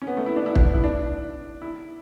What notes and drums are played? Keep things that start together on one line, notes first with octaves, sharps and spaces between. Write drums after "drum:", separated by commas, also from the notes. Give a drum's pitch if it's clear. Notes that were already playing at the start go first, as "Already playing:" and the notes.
C#4
B3
A3
E4
D4
E4
D4, drum: kick
E4
D4
E4